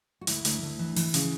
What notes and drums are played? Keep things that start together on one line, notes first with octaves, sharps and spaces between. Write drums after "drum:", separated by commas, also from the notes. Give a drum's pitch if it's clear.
F#4
D2 E4, drum: hi-hat
D2, drum: hi-hat
D2
E3
E3, drum: open hi-hat
C#3, drum: hi-hat